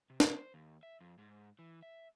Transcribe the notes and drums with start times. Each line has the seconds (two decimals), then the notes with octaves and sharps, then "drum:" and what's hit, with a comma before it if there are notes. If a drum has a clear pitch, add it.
0.10 C3
0.20 drum: snare
0.35 C5
0.54 D#2
0.83 E5
1.01 F2
1.18 G#2
1.59 E3
1.83 E5